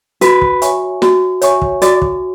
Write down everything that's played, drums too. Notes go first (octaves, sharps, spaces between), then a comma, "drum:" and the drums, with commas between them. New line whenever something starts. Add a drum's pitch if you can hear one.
F#4 B4, drum: hi-hat
drum: kick
C#5 E5 G#5 C#6, drum: hi-hat
F#4, drum: snare
C#5 E5 G#5 C#6, drum: hi-hat
drum: kick
F#4 D5, drum: hi-hat
drum: kick